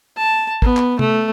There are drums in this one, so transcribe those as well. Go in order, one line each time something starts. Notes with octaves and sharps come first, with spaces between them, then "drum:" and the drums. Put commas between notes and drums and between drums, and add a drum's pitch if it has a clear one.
A5
B3, drum: kick
drum: clap
A3, drum: tom C3